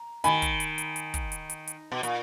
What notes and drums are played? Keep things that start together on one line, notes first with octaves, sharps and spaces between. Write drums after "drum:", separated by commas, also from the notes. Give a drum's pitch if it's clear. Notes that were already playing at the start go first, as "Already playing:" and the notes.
Already playing: A#5
D#3 G#5 B5, drum: hi-hat
drum: kick, hi-hat
drum: hi-hat
drum: hi-hat
drum: hi-hat
drum: kick, hi-hat
drum: hi-hat
drum: hi-hat
drum: hi-hat
B2
A#2, drum: hi-hat